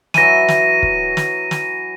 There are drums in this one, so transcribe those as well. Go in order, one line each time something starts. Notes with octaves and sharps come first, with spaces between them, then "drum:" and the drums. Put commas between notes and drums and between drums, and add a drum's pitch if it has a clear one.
E3 F#3 A#6 D#7, drum: snare
drum: snare
drum: kick
drum: snare
drum: snare